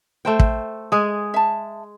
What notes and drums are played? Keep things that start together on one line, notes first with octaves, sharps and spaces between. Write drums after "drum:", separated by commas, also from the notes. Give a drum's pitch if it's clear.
A3 C5 G5
drum: kick
G#3 G#4
E5 A5